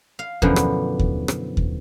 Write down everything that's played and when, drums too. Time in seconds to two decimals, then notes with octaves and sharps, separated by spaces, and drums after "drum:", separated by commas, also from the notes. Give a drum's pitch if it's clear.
0.19 F5
0.42 F#2 B2 D3 E3 F3, drum: kick D#2
0.56 drum: rim click
0.99 drum: kick D#2
1.28 drum: rim click
1.57 drum: kick D#2